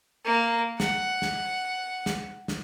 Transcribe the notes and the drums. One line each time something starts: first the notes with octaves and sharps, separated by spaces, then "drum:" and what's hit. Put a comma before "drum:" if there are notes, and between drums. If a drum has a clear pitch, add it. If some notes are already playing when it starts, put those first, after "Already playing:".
A#3
F#5, drum: snare
drum: snare
drum: snare
drum: snare